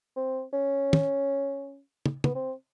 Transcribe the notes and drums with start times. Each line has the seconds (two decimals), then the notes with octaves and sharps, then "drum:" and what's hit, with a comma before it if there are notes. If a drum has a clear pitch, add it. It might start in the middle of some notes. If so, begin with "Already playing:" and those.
0.16 C4
0.53 C#4
0.93 drum: tom
2.06 drum: tom
2.24 B3, drum: tom
2.35 C4